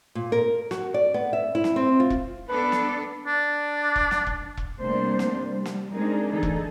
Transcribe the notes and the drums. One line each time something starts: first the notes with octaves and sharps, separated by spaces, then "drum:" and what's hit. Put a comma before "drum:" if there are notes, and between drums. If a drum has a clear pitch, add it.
A#2
A#4
F#4, drum: snare
D5
B3
E5
E4
drum: snare
C4
F4
drum: kick E1
B3 D4 A4 B4
drum: snare
D4
drum: kick E1
drum: snare
drum: kick E1
drum: kick E1
C3 G3 A3 A#3 D4 C5
drum: snare
G3
drum: snare
G#3 C4 D4 D#4 G#4 A#4
D2 E3 D#4 G#4 A4
drum: kick E1